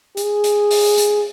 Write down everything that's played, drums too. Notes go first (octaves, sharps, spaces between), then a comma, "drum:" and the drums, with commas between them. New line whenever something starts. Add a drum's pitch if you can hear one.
G#4, drum: hi-hat
drum: hi-hat
drum: open hi-hat
drum: hi-hat